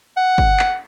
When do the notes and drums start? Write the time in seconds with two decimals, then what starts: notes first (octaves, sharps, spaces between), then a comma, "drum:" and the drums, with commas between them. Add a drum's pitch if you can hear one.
0.17 F#5
0.38 drum: kick
0.59 drum: clap